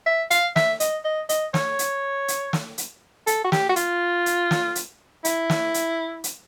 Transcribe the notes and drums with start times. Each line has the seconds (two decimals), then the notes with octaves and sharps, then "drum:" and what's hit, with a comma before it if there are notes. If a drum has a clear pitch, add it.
0.06 E5
0.31 F5, drum: hi-hat
0.56 E5, drum: snare
0.80 D#5, drum: hi-hat
1.04 D#5
1.29 D#5, drum: hi-hat
1.54 C#5, drum: snare
1.79 drum: hi-hat
2.28 drum: hi-hat
2.53 drum: snare
2.78 drum: hi-hat
3.27 A4, drum: hi-hat
3.44 F#4
3.52 G4, drum: snare
3.69 F#4
3.76 F4, drum: hi-hat
4.26 drum: hi-hat
4.51 drum: snare
4.75 drum: hi-hat
5.25 E4, drum: hi-hat
5.50 drum: snare
5.74 drum: hi-hat
6.24 drum: hi-hat